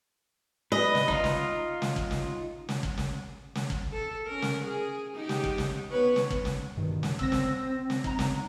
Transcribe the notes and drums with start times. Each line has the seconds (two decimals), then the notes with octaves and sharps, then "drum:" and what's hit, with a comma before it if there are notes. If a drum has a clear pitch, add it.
0.72 B4 D#5
0.95 drum: snare
1.08 D#4 F4, drum: kick
1.24 drum: snare
1.82 drum: snare
1.96 drum: kick
2.11 drum: snare
2.69 drum: snare
2.83 drum: kick
2.98 drum: snare
3.55 drum: snare
3.70 drum: kick
3.92 A4
4.26 C#4 A#4
4.42 drum: snare
4.64 G#4
5.15 D#4 G4
5.29 drum: snare
5.44 drum: kick
5.58 drum: snare
5.91 B3 B4 C#5
6.16 drum: snare
6.30 drum: kick
6.45 drum: snare
6.77 G2 B2 D#3
7.03 drum: snare
7.19 C4 E6 A#6, drum: kick
7.32 drum: snare
7.90 drum: snare
8.04 D#4 A#5, drum: kick
8.19 drum: snare